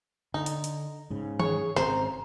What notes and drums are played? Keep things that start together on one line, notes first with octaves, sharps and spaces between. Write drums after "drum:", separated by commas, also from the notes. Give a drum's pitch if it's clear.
D3 D#4
drum: hi-hat
drum: hi-hat
G#2 C#3
G#4 C#5, drum: tom D#3
G#1 C#3 C4 C5 A#5, drum: snare